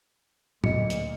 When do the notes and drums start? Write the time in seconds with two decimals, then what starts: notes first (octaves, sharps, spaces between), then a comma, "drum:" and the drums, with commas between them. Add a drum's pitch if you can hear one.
0.64 D2 A#2 D#5 C#7, drum: tom
0.90 drum: hi-hat